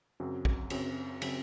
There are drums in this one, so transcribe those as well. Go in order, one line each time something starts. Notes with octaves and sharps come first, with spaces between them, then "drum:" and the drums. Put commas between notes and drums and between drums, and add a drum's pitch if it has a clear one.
F#2 C#3 F#3 C4
drum: kick
F#2 C#3 F#3 C4, drum: cymbal
C#3 F#3 C4, drum: cymbal